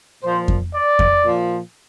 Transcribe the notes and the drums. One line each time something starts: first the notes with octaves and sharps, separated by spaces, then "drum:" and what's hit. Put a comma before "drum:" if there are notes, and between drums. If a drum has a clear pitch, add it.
A#2 F3 C5
drum: kick F2
D5
drum: kick F2
A#2 F3